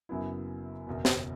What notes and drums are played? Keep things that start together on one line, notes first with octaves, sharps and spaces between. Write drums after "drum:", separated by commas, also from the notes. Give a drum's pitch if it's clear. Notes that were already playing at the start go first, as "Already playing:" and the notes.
F#1 F#2 F#3 B3 E4
F#1 E2 B2
drum: snare